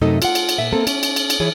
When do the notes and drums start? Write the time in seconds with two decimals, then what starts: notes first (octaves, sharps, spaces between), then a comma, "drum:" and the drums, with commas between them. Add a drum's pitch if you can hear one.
0.01 F#2 C3 A3 D#4 A4 D#5
0.22 F4 F#5, drum: cymbal
0.35 drum: cymbal
0.49 drum: cymbal
0.59 A#2 E5
0.73 A#3 C4 A4
0.87 C#4, drum: cymbal
1.03 drum: cymbal
1.16 drum: cymbal
1.30 drum: cymbal
1.40 E3 E4 G#4 C#5